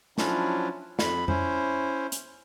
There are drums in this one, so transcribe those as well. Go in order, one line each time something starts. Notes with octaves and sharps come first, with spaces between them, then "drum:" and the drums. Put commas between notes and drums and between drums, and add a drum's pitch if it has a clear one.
F3 F#3 C#4 D4 E4 F4, drum: snare
F2 B5, drum: snare
C#4 E4 C5, drum: tom F2
drum: hi-hat